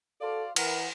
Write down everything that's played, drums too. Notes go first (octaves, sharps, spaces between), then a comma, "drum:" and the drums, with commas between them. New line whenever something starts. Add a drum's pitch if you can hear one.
F#4 A4 C5 D5 F5
E3 A#4 F#5, drum: cymbal